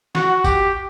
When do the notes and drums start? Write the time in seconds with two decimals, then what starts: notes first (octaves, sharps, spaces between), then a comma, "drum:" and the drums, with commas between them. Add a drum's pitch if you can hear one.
0.15 F#4, drum: snare
0.44 G4, drum: kick G#1, tambourine